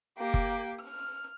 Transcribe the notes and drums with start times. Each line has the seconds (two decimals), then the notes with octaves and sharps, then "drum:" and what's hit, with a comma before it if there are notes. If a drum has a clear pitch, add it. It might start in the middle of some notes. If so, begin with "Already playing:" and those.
0.17 A#3 G4
0.34 drum: kick F#1
0.81 F6